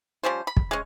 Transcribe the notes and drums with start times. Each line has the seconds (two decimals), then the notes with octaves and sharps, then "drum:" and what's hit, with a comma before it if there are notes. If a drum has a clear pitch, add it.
0.23 F3 G3 C#4 C5
0.47 B5
0.57 drum: kick
0.71 G#3 C#4